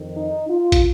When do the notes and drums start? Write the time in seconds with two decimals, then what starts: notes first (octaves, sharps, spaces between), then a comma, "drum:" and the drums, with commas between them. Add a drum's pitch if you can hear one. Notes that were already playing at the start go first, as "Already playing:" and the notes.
Already playing: F2 D#3
0.16 D#4
0.50 F4
0.72 drum: kick, hi-hat